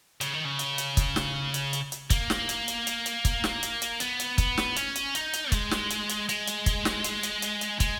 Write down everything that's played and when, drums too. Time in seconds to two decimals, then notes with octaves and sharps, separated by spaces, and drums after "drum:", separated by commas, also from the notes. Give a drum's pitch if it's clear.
0.21 C#3, drum: hi-hat
0.34 D#3
0.45 C#3
0.59 drum: hi-hat
0.78 drum: hi-hat
0.97 drum: kick, hi-hat
1.16 drum: snare
1.54 drum: hi-hat
1.73 drum: hi-hat
1.92 drum: hi-hat
2.10 A#3, drum: kick, hi-hat
2.30 drum: snare
2.49 drum: hi-hat
2.68 drum: hi-hat
2.87 drum: hi-hat
3.06 drum: hi-hat
3.25 drum: kick, hi-hat
3.44 drum: snare
3.63 drum: hi-hat
3.82 drum: hi-hat
4.00 B3, drum: hi-hat
4.20 drum: hi-hat
4.38 B3, drum: kick, hi-hat
4.58 drum: snare
4.76 C#4, drum: hi-hat
4.95 drum: hi-hat
5.15 D#4, drum: hi-hat
5.33 drum: hi-hat
5.52 G#3, drum: kick, hi-hat
5.71 drum: snare
5.90 drum: hi-hat
6.09 drum: hi-hat
6.29 G#3, drum: hi-hat
6.47 drum: hi-hat
6.66 drum: kick, hi-hat
6.85 drum: snare
7.04 drum: hi-hat
7.23 drum: hi-hat
7.42 drum: hi-hat
7.61 drum: hi-hat
7.80 G#3, drum: kick, hi-hat